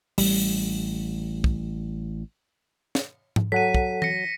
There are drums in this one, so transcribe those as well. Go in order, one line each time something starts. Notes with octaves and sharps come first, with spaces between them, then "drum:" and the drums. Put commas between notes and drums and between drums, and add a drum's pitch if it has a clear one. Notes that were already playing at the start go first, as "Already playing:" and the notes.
A1 G3, drum: open hi-hat
drum: kick
drum: snare
drum: tom G#2
F#3 A4 F#5 B6 D#7
drum: kick
A#6 C#7, drum: tom E3